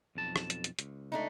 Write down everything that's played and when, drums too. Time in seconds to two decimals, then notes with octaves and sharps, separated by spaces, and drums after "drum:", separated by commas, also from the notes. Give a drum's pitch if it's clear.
0.15 B1 F2 A5
0.36 drum: rim click
0.50 drum: hi-hat
0.64 drum: hi-hat
0.79 C#2, drum: hi-hat
1.12 A3 D4 D#4